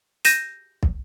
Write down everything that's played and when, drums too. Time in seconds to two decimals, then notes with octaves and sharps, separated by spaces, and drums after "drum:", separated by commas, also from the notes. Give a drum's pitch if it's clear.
0.25 G6 A#6 D#7 E7, drum: hi-hat
0.83 drum: kick